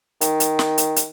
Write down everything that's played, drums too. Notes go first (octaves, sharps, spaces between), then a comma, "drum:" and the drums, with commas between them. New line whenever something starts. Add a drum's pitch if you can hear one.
D#3, drum: hi-hat
drum: hi-hat
drum: snare
drum: hi-hat
drum: hi-hat